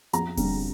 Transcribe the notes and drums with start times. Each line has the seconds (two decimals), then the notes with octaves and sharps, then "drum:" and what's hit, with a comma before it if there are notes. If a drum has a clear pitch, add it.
0.13 F2 A#5, drum: hi-hat
0.37 D3 G3 C4, drum: kick E1, open hi-hat